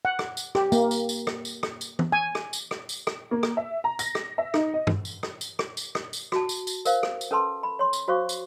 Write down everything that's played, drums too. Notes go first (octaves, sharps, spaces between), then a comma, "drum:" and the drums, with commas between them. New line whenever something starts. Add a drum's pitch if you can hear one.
F#5
drum: rim click
drum: tambourine
G4, drum: rim click
A#3, drum: tambourine
drum: tambourine
drum: tambourine
drum: rim click
drum: tambourine
drum: rim click
drum: tambourine
drum: tom E3
G#5
drum: rim click
drum: tambourine
drum: rim click
drum: tambourine
drum: rim click
A#3
drum: rim click
E5
A#5
A#6, drum: tambourine
drum: rim click
E5
D#4, drum: rim click
D#5
drum: tom G2
drum: tambourine
drum: rim click
drum: tambourine
drum: rim click
drum: tambourine
drum: rim click
drum: tambourine
F#4 A5, drum: rim click
drum: tambourine
drum: tambourine
A#4 C5 F5, drum: tambourine
drum: rim click
drum: tambourine
C#4 A4 B4 A5 C6
B5
C#5 C6
drum: tambourine
F#4 C5 F5 C#6 D6
drum: tambourine